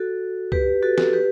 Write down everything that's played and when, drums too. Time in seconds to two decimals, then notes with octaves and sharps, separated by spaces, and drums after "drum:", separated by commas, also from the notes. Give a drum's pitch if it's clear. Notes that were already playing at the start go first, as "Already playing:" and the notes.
Already playing: F#4 A4
0.52 G4 B4, drum: kick C#2
0.83 F#4 A4
0.98 F#4 A4, drum: snare
1.13 G4 B4